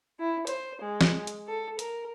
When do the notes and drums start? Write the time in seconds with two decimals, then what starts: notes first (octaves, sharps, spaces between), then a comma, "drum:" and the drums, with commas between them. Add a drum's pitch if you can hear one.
0.19 E4
0.47 C5, drum: hi-hat
0.82 G#3
1.01 drum: snare
1.27 drum: hi-hat
1.48 A4
1.79 A#4, drum: hi-hat